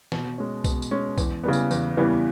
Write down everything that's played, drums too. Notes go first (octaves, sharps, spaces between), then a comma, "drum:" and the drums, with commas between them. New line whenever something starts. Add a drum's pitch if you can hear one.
B2, drum: snare
G#3 C#4
B2, drum: kick, tambourine
drum: tambourine
G#3 C#4
E2, drum: kick, tambourine
C#3 E3 G3 B3
drum: tambourine
E2, drum: tambourine
C#3 E3 G3 B3